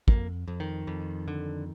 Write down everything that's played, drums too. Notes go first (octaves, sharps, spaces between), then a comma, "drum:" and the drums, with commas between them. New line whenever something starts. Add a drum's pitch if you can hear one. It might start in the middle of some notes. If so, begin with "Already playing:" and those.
F2 A#3, drum: kick
F2
D#3
F2
D3